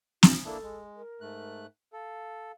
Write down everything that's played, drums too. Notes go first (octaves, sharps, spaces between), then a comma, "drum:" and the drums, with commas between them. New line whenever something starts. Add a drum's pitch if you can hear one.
F4, drum: snare
A#3 D4 E4 A4
G#3
A#4
G#2 A3 F#6
A4 F5